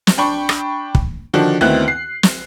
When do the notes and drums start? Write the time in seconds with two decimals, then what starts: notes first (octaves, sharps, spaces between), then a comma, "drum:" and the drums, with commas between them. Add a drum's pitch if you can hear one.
0.07 drum: snare
0.17 D4 G5 B5 C#6
0.49 drum: rim click
0.95 drum: kick
1.34 D3 D#3 F3 D4 F#4
1.61 D2 D#3 B3 C4 E4 F#6
1.88 C7
2.23 drum: snare